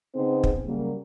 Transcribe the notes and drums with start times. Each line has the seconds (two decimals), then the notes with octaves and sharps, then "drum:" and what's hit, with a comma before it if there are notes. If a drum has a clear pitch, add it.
0.14 C#3 B3 C4 D#4 G#4 C5
0.43 drum: kick
0.65 C#3 F#3 G3 A#3